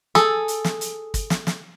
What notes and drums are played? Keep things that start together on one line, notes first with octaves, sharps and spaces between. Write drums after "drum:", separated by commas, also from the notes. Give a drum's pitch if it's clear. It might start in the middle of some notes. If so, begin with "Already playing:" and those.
G#4 A4, drum: snare
drum: hi-hat
drum: snare
drum: hi-hat
drum: kick, hi-hat
drum: snare
drum: snare